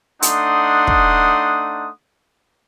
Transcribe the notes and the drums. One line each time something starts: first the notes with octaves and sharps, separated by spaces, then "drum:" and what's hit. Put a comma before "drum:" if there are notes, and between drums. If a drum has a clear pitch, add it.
A3 D4 D#4 F#5 C6 D#6, drum: hi-hat
drum: kick